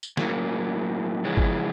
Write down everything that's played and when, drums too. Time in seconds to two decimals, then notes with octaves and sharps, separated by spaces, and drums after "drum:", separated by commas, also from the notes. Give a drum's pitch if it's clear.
0.03 drum: tambourine
0.17 A2 F#3 A#3 C#4, drum: snare
1.25 F2 C#3 E3 G#3 C#4
1.37 drum: kick